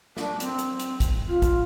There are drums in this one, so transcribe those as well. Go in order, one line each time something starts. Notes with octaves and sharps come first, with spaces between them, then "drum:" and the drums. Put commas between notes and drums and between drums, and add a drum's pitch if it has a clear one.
D4, drum: snare
C4, drum: hi-hat
drum: hi-hat
drum: hi-hat
drum: kick, hi-hat
F4
drum: kick, hi-hat